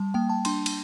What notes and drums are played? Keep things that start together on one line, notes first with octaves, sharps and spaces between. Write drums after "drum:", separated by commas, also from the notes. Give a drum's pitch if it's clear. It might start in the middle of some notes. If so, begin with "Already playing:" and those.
Already playing: G3 A5
A#3 G5
A5
D4 C6, drum: cymbal
drum: cymbal